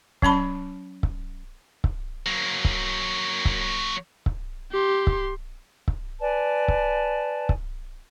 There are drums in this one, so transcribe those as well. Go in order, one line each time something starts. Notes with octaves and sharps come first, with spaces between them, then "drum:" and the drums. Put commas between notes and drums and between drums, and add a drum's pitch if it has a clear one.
F#3 C#4 A5 B5, drum: kick C#1
drum: kick C#1
drum: kick C#1
F#3 A#3
drum: kick C#1
drum: kick C#1
drum: kick C#1
G4 C6
drum: kick C#1
drum: kick C#1
B4 D5 G#5 A5
drum: kick C#1
drum: kick C#1